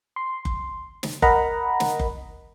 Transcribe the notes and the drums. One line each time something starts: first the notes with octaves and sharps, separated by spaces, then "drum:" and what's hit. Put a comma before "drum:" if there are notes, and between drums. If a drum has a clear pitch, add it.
C6
drum: kick F#1
drum: snare
A#4 D#5 F#5 A#5 B5, drum: kick F#1
drum: snare
drum: kick F#1